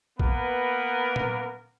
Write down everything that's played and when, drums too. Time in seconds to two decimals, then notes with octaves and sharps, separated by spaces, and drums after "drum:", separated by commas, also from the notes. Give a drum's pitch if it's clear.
0.19 A#3 B3 A#4 B4, drum: kick A1
1.16 drum: tom A#2